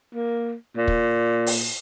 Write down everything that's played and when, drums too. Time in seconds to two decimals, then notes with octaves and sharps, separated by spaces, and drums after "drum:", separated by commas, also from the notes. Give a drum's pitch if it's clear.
0.15 A#3
0.76 A#2
0.88 drum: kick
1.47 drum: open hi-hat